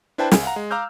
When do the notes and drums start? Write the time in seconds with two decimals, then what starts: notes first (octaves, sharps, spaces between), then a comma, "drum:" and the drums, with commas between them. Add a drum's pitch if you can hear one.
0.18 D4 E4 B4 C5 G5 A5
0.32 C2 G#5, drum: snare
0.43 F5 F#5 A#5
0.56 G#3
0.71 F5 A#5 D6 E6 F6 G6